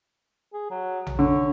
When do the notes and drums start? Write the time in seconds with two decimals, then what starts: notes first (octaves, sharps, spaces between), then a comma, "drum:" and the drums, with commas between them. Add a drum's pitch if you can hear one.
0.53 G#4
0.70 F#3
1.07 drum: tom A#1
1.19 D3 C#5